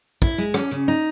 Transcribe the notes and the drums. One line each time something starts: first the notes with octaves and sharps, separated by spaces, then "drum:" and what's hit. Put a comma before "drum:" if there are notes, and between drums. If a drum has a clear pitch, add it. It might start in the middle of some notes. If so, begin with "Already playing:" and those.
E4, drum: kick
G#3
C#4, drum: rim click
C#3
D#4